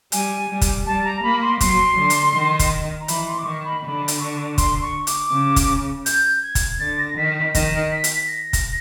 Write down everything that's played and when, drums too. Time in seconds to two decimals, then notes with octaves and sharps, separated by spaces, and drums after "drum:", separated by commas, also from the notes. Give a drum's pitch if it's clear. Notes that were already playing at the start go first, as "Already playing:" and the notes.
0.12 G3 G#5, drum: hi-hat
0.49 G3
0.61 drum: kick, hi-hat
0.86 G3 A5
1.04 A#5
1.23 A#3 B5
1.42 C6
1.61 F#3 C6, drum: kick, hi-hat
1.97 D3
2.10 drum: hi-hat
2.35 D#3
2.59 drum: kick, hi-hat
3.01 A#5
3.08 E3 B5, drum: hi-hat
3.28 C6
3.39 D6
3.46 D#3 C#6
3.64 B5
3.83 D3 B5
4.08 drum: hi-hat
4.20 C#6
4.58 C6, drum: kick, hi-hat
4.82 C#6
5.07 D6, drum: hi-hat
5.32 C#3
5.56 drum: kick, hi-hat
6.06 G6, drum: hi-hat
6.43 G#6
6.55 drum: kick, hi-hat
6.80 D3 A6
6.99 A#6
7.17 D#3 B6
7.36 B6
7.55 D#3 A#6, drum: kick, hi-hat
7.91 B6
8.04 drum: hi-hat
8.28 A#6
8.53 drum: kick, hi-hat